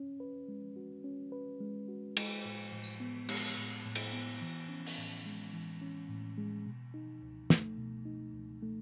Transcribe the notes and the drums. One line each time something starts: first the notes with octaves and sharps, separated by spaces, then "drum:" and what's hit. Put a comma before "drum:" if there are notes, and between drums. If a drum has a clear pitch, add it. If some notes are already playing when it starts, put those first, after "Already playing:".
Already playing: C#4
B4
G#3
F#4
C#4
B4
G#3
F#4
G#3, drum: cymbal
A2
A2
drum: tambourine
B3
G#3, drum: cymbal
A2
A2
drum: cymbal
B3
E3
C#4
drum: open hi-hat
A2
G#3
E3
C#4
A2
G#3
B2
D#4
C#2
A3, drum: snare
B2
D#4
C#2
A3